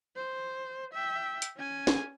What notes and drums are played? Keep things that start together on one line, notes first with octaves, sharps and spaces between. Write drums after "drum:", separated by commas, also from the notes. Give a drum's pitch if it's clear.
C5
E5 G5
drum: hi-hat
C#4 G#5
drum: snare